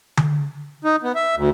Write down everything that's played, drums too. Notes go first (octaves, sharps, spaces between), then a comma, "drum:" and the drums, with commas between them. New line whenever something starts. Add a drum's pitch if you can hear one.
drum: tom D3
D#4
B3
E5
D2